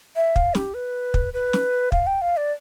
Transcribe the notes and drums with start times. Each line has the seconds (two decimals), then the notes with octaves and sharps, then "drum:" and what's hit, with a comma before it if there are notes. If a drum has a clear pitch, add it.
0.16 E5
0.36 F5, drum: kick
0.55 G4, drum: snare
0.74 B4
1.14 drum: kick
1.34 B4
1.53 drum: snare
1.92 F5, drum: kick
2.07 G5
2.21 F5
2.37 D5